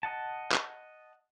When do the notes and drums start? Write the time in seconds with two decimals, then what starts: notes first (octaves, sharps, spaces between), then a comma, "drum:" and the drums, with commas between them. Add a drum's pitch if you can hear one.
0.03 D#5 F#5 A5
0.52 drum: clap